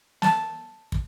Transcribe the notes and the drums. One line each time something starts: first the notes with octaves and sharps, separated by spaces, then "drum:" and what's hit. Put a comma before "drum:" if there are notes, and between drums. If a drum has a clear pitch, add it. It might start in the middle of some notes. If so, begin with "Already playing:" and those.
A5, drum: snare
drum: kick